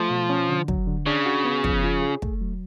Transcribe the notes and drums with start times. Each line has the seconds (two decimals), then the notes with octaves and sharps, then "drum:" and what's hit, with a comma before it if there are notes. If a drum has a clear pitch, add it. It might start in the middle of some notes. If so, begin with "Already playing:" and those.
Already playing: F3 A3
0.10 B2
0.30 C#4
0.49 D3
0.68 F#3, drum: kick
0.88 D3
1.06 C#3 D4
1.26 F#4
1.45 B3
1.64 F3, drum: kick
1.83 F4
2.02 G#4
2.22 A3, drum: kick
2.41 F#3